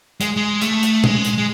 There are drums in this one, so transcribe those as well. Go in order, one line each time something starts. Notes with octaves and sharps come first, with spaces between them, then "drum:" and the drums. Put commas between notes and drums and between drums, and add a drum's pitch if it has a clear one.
G#3, drum: hi-hat
G#3
A3, drum: hi-hat
drum: hi-hat
G#3, drum: tom
drum: hi-hat
G#3